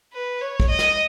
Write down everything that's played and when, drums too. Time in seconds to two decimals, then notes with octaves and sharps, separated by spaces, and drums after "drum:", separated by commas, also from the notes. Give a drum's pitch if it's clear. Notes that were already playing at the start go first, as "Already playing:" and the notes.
0.13 B4
0.41 C#5
0.60 drum: kick
0.69 D#5
0.79 drum: snare